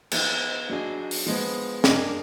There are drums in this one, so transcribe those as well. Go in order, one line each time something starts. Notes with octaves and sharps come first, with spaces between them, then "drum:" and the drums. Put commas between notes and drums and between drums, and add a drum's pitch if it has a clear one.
F3 B3 D#4 G#4, drum: cymbal
F#3 D4 G#4 D#5
drum: open hi-hat
F3 G#3 B3
A#3 D4 G#4 D#5, drum: snare